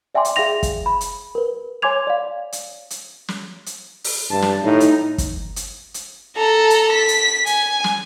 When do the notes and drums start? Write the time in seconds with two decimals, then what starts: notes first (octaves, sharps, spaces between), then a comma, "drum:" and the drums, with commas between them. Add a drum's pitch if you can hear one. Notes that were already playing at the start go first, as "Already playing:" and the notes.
0.15 D5 E5 G5 G#5 C6 D6
0.25 drum: hi-hat
0.36 G#4 E5 F5 G5 A#6 F7
0.63 drum: kick, hi-hat
0.86 B5
1.01 drum: hi-hat
1.35 A#4 B4
1.82 C#5 G#5 C6 D6 G#6 F7
2.07 D5 F5
2.52 drum: hi-hat
2.90 drum: hi-hat
3.28 drum: snare
3.66 drum: hi-hat
4.04 drum: open hi-hat
4.31 G2 A5
4.42 drum: snare
4.64 A2 D#4
4.80 drum: hi-hat
5.18 drum: kick, hi-hat
5.56 drum: hi-hat
5.94 drum: hi-hat
6.37 A4 A#5
6.70 drum: hi-hat
6.92 B6
7.08 drum: hi-hat
7.46 G#5, drum: hi-hat
7.84 drum: snare